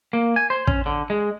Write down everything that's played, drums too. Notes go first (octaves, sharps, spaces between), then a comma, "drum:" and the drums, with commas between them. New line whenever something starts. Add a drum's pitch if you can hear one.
A#3
G#5
C5
C#4, drum: kick
D3
G#3